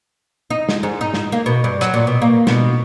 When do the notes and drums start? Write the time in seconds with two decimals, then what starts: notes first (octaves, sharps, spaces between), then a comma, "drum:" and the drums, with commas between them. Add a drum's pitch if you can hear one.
0.50 D#4
0.69 drum: snare
0.83 G#2
1.01 D#4
1.14 drum: snare
1.32 A#3
1.46 B2
1.64 G2
1.81 F#3, drum: hi-hat
1.94 A#2
2.07 B2
2.22 A#3
2.47 B2, drum: snare